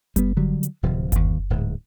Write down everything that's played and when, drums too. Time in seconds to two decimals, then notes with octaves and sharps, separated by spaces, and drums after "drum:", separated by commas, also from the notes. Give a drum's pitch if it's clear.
0.16 G3 B3, drum: kick F#1, hi-hat
0.36 D3 F#3 G3
0.63 drum: hi-hat
0.83 D1 C3 F3
1.12 G1 D#2, drum: kick F#1, hi-hat
1.50 D1 G#2